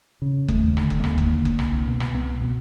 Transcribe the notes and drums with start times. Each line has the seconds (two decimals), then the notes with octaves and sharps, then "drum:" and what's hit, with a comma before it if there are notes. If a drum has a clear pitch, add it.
0.22 C#3
0.48 D#2 A3, drum: kick F#1
0.77 D3, drum: rim click
0.90 drum: kick F#1
1.00 A3
1.04 D#2 A#3, drum: rim click
1.18 drum: kick F#1
1.31 D3
1.45 drum: kick F#1
1.59 C2, drum: rim click
1.87 B2
2.00 drum: rim click
2.14 C2 B3
2.41 B2 B3